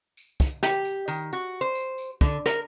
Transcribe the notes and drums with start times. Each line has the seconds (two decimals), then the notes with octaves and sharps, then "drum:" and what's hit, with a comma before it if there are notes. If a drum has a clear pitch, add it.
0.17 drum: tambourine
0.40 drum: kick, tambourine
0.63 G4, drum: snare
0.85 drum: tambourine
1.08 D#3, drum: tambourine
1.33 F#4, drum: tambourine
1.61 C5
1.76 drum: tambourine
1.98 drum: tambourine
2.21 D3, drum: kick
2.46 A#4, drum: snare